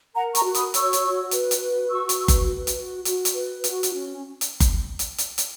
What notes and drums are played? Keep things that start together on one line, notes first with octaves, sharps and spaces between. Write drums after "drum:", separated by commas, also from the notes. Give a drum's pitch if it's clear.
A#4 F#5 A#5
A#5 C#6, drum: hi-hat
F#4
B5 D#6, drum: hi-hat
C#5 C#6 E6, drum: hi-hat
drum: hi-hat
F#4
B4, drum: hi-hat
drum: hi-hat
F#4
F#4 C#6 E6
drum: hi-hat
B4
drum: kick F#1, hi-hat
B4
drum: hi-hat
F#4
F#4, drum: hi-hat
drum: hi-hat
B4
F#4, drum: hi-hat
drum: hi-hat
C#4
drum: hi-hat
drum: kick F#1, hi-hat
drum: hi-hat
drum: hi-hat
drum: hi-hat